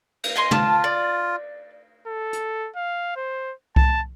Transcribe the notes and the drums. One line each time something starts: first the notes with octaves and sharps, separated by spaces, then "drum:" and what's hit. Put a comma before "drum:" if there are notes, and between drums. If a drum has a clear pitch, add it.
drum: cymbal
D#5 G#5 C6
F4 A5, drum: tom
D5
A4
drum: hi-hat
F5
C5
A5, drum: kick C2